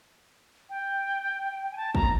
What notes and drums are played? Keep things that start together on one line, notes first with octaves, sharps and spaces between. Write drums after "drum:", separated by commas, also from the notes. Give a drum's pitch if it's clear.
G5
G#5
A5
A#5, drum: kick